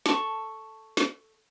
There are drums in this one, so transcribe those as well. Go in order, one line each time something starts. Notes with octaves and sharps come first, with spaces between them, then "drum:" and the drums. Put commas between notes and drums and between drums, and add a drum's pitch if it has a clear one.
A4 C#6, drum: snare
drum: snare